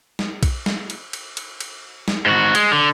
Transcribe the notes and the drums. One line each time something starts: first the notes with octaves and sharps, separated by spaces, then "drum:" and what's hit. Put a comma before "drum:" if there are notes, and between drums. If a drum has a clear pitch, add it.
drum: snare
drum: kick B1, cymbal
drum: snare
drum: cymbal
drum: cymbal
drum: cymbal
drum: cymbal
drum: snare
G#2 F#4
G#3, drum: cymbal
D3